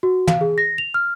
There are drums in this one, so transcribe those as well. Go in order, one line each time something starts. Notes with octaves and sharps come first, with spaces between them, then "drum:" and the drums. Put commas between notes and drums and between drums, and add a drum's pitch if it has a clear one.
F#4
F5, drum: tom
G#4
A#6
F7
F6